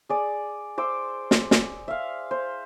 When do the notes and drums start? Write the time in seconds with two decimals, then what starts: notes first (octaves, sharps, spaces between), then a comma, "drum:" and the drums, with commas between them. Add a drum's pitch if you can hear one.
0.09 G#4 D5
0.78 C5 D6 E6
1.31 drum: snare
1.51 drum: snare
1.88 E5 F5
2.31 C5